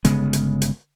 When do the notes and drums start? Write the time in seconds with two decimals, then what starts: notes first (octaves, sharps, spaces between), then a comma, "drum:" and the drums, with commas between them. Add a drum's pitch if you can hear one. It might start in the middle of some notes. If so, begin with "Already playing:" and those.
0.05 G1 C#3 G#3 B3, drum: hi-hat
0.33 drum: hi-hat
0.62 drum: hi-hat